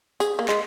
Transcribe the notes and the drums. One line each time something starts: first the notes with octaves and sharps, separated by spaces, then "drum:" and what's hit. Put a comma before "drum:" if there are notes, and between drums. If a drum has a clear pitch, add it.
G#4, drum: tambourine
A#3
G#3, drum: clap